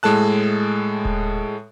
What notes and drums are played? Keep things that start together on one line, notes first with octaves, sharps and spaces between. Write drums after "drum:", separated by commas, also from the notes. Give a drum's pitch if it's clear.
A2 G#3 A4 A5 F#6
drum: kick D#1